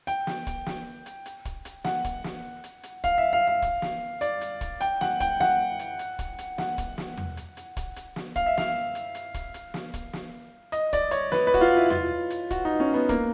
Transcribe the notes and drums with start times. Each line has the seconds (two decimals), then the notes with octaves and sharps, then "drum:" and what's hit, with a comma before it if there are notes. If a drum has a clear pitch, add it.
0.07 G5, drum: hi-hat
0.27 drum: snare
0.47 drum: kick, hi-hat
0.66 drum: snare
1.06 drum: hi-hat
1.26 drum: hi-hat
1.45 drum: kick, hi-hat
1.65 drum: hi-hat
1.84 F#5, drum: snare
2.05 drum: kick, hi-hat
2.24 drum: snare
2.64 drum: hi-hat
2.83 drum: hi-hat
3.04 F5, drum: kick, hi-hat
3.18 E5
3.33 F5
3.47 F5
3.62 drum: kick, hi-hat
3.82 drum: snare
4.21 D5, drum: hi-hat
4.41 drum: hi-hat
4.61 drum: kick, hi-hat
4.81 G5, drum: hi-hat
5.01 F#5, drum: snare
5.20 G5, drum: kick, hi-hat
5.40 F#5, drum: snare
5.79 drum: hi-hat
5.99 drum: hi-hat
6.19 drum: kick, hi-hat
6.39 drum: hi-hat
6.58 F#5, drum: snare
6.78 drum: kick, hi-hat
6.98 drum: snare
7.17 drum: tom E2
7.37 drum: hi-hat
7.57 drum: hi-hat
7.77 drum: kick, hi-hat
7.96 drum: hi-hat
8.16 drum: snare
8.36 F5, drum: kick, hi-hat
8.46 E5
8.58 F5, drum: snare
8.95 drum: hi-hat
9.15 drum: hi-hat
9.34 drum: kick, hi-hat
9.54 drum: hi-hat
9.74 drum: snare
9.94 drum: kick, hi-hat
10.13 drum: snare
10.72 D#5, drum: hi-hat
10.93 D5, drum: kick, hi-hat
11.11 C#5, drum: hi-hat
11.32 B4, drum: snare
11.47 B4
11.54 F#4, drum: kick, hi-hat
11.61 F4
11.76 E4
11.90 F4, drum: tom E2
12.30 drum: hi-hat
12.51 F#4, drum: kick, hi-hat
12.65 D#4
12.80 C#4
12.94 B3
13.09 A#3, drum: kick, hi-hat